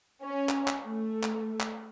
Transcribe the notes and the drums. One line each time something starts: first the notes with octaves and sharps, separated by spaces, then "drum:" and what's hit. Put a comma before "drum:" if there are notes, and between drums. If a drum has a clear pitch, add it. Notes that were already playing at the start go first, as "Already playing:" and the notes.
C#4
drum: clap
drum: clap
A3
drum: clap
drum: clap